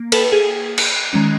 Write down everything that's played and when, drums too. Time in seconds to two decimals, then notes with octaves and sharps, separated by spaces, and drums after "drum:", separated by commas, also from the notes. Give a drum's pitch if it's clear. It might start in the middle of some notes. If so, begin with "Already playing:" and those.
Already playing: A#3
0.12 A4 B4, drum: cymbal
0.32 G#4
0.78 drum: cymbal
1.13 D#3 G#3 C#4